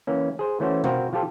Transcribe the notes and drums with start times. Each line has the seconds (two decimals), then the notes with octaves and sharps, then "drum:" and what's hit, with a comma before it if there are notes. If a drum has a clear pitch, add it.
0.07 E3 A#3 C#4
0.39 G#4 C5
0.60 E3 A3 C#4 F#4 C5
0.84 C4 F4 F#4 A#4 C5, drum: tom B2
1.13 F3 F4 G4 A4